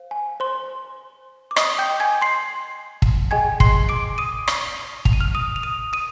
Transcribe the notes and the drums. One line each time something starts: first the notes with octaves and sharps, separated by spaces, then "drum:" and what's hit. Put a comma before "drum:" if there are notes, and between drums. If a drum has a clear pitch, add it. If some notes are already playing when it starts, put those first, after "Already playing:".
Already playing: C5 F5
G#5
C5 C6
D6
D#5 D#6, drum: rim click
G5 G6
G#5 G#6
C6 C7
drum: kick
G#4 D#5 G5 G#5 G#6
C6 C7, drum: kick
D6 D7
D#6 D#7
drum: rim click
F7, drum: kick
D#7
F6 F7
D#6 D#7
F7
D#6 D#7
D#6 D#7